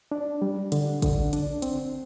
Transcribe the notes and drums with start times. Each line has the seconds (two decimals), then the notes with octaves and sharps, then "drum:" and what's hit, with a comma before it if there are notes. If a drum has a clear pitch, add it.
0.11 D4
0.42 G3
0.72 D3, drum: hi-hat
1.02 D3, drum: kick A1, hi-hat
1.33 D4, drum: hi-hat
1.62 C4, drum: hi-hat